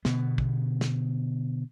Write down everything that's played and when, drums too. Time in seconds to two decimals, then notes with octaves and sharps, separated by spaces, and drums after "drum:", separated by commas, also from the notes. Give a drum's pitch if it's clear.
0.05 B2 D3 B3, drum: snare
0.38 drum: kick
0.81 drum: snare